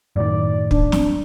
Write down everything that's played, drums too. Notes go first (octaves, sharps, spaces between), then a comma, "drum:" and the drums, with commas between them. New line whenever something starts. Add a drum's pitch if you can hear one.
F#2 A2 D#3 D5
D4, drum: kick
drum: snare